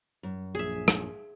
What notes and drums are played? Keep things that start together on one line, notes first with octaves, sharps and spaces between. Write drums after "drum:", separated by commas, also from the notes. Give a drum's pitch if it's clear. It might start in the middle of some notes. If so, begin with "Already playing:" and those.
F#2
A#1 G#4 E5
drum: rim click